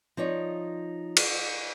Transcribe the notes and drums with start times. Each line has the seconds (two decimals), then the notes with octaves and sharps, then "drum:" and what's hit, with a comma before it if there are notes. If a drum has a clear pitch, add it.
0.17 F3 D#4 C#5 D5
1.17 drum: cymbal